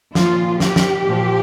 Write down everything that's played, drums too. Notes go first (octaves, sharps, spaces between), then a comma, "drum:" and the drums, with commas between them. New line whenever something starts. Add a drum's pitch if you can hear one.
A#2 F3 F4, drum: snare
G4, drum: snare
drum: snare
A#2 F3